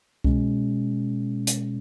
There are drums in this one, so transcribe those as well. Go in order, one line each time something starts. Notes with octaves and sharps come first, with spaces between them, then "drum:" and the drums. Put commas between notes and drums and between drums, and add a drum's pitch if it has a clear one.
B2 G#3 C#4, drum: kick C2
drum: hi-hat